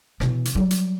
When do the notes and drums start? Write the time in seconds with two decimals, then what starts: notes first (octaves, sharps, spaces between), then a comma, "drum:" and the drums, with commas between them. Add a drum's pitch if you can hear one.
0.20 B2 E3, drum: snare
0.45 drum: hi-hat
0.55 F#3 G3
0.71 drum: hi-hat